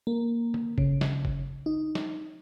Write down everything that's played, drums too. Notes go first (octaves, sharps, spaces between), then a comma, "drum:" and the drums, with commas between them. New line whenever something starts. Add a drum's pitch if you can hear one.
A#3
drum: tom
C#3, drum: kick
drum: snare
drum: kick
D#4
drum: snare